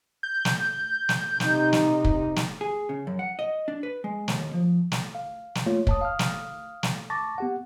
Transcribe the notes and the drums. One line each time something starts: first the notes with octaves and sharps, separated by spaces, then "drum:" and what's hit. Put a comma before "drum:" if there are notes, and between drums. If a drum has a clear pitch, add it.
G6
drum: snare
drum: snare
C3 D#4, drum: snare
drum: snare
drum: kick
drum: snare
G#4
C#3
F#2
F#5
D#5
D4
B4
G#3
D#2, drum: snare
F3
drum: snare
F5
drum: snare
A3 A#3 F4 C#5
C#5 A5 D#6, drum: kick
F5 D#6 F6
drum: snare
drum: snare
A5 C#6 D6 A6 A#6
B3 G4 F#5